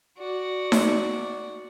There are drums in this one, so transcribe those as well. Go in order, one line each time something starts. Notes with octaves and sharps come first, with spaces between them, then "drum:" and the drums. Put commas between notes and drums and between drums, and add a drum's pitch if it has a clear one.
F#4 D5
drum: snare D#4